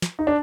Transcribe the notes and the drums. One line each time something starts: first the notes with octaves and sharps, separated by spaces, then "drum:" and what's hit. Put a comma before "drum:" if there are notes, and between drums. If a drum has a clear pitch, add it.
drum: snare
D#4
D4